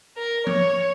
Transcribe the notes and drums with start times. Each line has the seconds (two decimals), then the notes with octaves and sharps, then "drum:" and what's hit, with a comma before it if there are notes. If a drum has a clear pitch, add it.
0.17 A#4
0.47 C#5, drum: tom F3